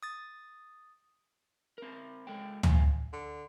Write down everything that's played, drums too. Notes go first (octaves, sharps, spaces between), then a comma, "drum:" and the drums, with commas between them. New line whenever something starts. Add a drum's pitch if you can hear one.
D#6 A6
C4 A#4
G#3 A4 G5
A2 A3 C4 F5 G#5, drum: tom
D3